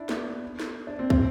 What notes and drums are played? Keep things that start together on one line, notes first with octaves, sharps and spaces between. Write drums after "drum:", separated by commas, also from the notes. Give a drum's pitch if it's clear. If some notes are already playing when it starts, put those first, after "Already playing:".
Already playing: D4 E4
B3, drum: snare
drum: snare
D4
C4
C4, drum: kick